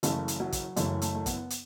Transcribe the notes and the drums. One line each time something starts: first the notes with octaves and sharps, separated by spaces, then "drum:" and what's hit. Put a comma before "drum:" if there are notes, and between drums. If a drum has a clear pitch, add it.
F#1 F#2 C#3 E3 A3, drum: hi-hat
drum: hi-hat
F#3
drum: kick, hi-hat
F#1 F#2 C#3 E3 A3, drum: hi-hat
A3, drum: hi-hat
A3
B3, drum: kick, hi-hat
drum: hi-hat